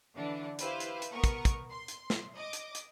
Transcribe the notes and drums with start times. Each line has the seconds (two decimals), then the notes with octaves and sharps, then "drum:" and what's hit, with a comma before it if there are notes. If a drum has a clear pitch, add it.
0.16 D3 E3 D4
0.59 E4 G4 B4 C5 F5, drum: hi-hat
0.80 drum: hi-hat
1.02 drum: hi-hat
1.12 B3 A#4 C#6 D#6
1.24 drum: kick, hi-hat
1.45 drum: kick, hi-hat
1.71 C6
1.88 drum: hi-hat
2.10 drum: snare
2.35 D#5 D6
2.53 drum: hi-hat
2.75 drum: hi-hat